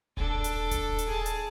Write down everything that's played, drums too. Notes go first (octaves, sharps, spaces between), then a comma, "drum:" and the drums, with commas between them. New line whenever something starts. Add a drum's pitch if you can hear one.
D4 A4, drum: kick D#1
drum: hi-hat
drum: kick D#1, hi-hat
drum: hi-hat
G#4 A5
drum: hi-hat